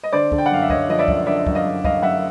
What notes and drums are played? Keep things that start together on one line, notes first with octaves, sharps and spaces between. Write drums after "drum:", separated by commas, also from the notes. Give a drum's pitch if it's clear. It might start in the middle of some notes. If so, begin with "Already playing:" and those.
D#5
D3 C5 D5
D3, drum: kick
G5
F#5
F#2 F5
E5
F#2 C#5 D#5, drum: kick
F3 D#5
D5 E5
F#2, drum: kick
D3 D5 E5
F#2, drum: kick
D#5 F5
F#2
F#2 D#5 F5, drum: kick
F#2 E5 F#5